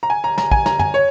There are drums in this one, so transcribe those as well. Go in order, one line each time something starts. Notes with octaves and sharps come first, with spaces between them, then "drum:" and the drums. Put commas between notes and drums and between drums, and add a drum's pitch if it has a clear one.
A#5
G#5
A#5
A#5, drum: snare
G#5, drum: kick
A#5, drum: snare
G#5, drum: tom
C#5